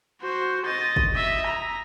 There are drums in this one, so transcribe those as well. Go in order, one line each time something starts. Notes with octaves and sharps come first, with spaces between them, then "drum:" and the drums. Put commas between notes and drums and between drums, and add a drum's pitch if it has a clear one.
F#4 C5
D#5 A6
drum: kick
D#5 E5
A#5